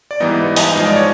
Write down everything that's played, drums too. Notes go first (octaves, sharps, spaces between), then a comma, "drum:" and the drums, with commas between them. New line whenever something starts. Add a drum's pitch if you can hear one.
D5
G#2 E3 G3 B3 D#4 D#5
D#4 D#5, drum: open hi-hat
G#2 F3 G#3 D#5
D5
C#5